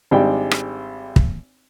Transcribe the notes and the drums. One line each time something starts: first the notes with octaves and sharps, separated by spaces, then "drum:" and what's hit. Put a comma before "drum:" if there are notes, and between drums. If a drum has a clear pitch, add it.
G#1 G3 G#3 D4 G5
drum: rim click
drum: kick